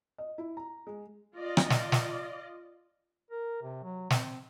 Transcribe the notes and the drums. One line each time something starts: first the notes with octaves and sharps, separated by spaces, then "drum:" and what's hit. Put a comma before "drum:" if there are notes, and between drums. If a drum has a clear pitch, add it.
D#5
E4
A#5
G#3
F4 D5 D#5
drum: rim click
drum: snare
drum: snare
A#4
C3
F#3
C4, drum: snare